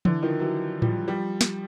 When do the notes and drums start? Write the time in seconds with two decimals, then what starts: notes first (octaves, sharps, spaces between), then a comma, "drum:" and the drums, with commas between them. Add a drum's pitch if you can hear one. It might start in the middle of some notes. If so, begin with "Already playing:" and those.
0.05 D3 E3, drum: tom E3
0.23 D#3 F3
0.40 E3 F#3
0.82 F3 G3, drum: tom A2
1.08 F3 G3
1.41 drum: snare